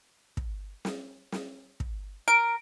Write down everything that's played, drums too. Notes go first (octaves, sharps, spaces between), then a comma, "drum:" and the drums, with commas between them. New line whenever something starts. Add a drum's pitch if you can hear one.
drum: kick
drum: snare
drum: snare
drum: kick
A#4 D7